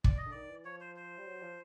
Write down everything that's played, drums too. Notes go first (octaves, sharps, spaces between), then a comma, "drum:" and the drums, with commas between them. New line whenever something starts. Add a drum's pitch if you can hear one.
D5, drum: kick
D#5
D3
D#3 D5
E3
F3 C#5
C5
C5
G3
F#3
F3